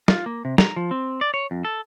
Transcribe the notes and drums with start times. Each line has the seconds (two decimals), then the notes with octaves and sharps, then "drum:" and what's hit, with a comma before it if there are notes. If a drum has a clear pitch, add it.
0.08 F4, drum: snare
0.26 A#3
0.45 C3
0.58 A#5, drum: snare
0.76 F3
0.91 C4
1.21 D5
1.34 C#5
1.51 F2
1.65 A4